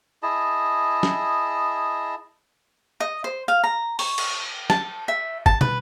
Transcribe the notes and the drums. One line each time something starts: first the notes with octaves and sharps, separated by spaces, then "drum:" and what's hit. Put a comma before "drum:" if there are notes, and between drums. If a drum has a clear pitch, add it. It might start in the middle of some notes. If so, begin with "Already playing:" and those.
E4 G#4 D#5 A5
drum: snare
D#5
C5
F5
A#5
C#6, drum: open hi-hat
drum: cymbal
A5, drum: snare
E5
A5, drum: kick F#1
B4, drum: tom